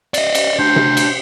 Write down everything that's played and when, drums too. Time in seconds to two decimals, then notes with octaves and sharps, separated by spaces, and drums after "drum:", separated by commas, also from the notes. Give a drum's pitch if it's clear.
0.14 D5 D#5, drum: cymbal
0.35 drum: cymbal
0.59 D4 F#4 C5
0.76 drum: tom C3
0.97 drum: cymbal